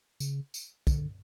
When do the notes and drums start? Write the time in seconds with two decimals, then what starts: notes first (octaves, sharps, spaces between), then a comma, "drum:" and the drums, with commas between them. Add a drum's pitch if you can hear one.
0.20 C#3, drum: tambourine
0.54 drum: tambourine
0.87 D3, drum: kick, tambourine